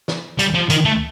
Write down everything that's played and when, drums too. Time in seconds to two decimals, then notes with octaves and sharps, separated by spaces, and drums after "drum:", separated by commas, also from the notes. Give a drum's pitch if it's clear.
0.08 drum: snare
0.39 G3, drum: hi-hat
0.55 F3
0.70 D#3, drum: hi-hat
0.85 A3